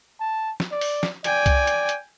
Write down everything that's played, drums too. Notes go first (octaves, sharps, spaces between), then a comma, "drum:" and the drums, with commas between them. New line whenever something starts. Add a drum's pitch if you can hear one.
A5
drum: snare
D5
drum: open hi-hat
drum: snare
D5 G5 G#5, drum: hi-hat
drum: kick C2, hi-hat
drum: hi-hat
drum: hi-hat